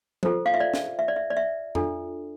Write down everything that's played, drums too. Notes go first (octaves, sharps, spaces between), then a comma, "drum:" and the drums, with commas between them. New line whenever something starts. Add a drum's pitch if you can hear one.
F4 A4 C5, drum: tom F3
F5
E5
D5
drum: snare
E5
D5
E5
D5
E5
D4 F4 A4, drum: tom F2